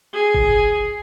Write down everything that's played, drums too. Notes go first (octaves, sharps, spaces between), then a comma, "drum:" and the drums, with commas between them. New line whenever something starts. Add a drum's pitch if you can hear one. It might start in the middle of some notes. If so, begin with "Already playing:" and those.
G#4
drum: kick G1